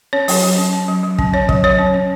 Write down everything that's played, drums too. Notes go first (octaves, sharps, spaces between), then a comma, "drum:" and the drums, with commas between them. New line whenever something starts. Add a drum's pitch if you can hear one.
C#4 C#5
F#3, drum: open hi-hat
F#3
C#4
C#4
F#3
F#3
C#4, drum: kick
C#4 C#5
F#3, drum: kick
F#3 C#5
C#4
C#4